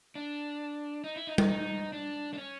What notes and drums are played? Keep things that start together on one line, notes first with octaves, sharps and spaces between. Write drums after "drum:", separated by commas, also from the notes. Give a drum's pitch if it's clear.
D4
D#4
E4
D#4
D#4, drum: tom G3
D#4
D4
D4
C#4